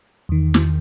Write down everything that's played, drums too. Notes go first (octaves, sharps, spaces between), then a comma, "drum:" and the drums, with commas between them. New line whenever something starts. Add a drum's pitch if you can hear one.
E2 D#3
drum: snare